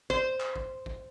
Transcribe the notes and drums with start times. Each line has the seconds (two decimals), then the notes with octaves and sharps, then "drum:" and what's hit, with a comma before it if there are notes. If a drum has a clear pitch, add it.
0.10 C5, drum: kick
0.40 drum: clap
0.56 drum: kick
0.86 drum: kick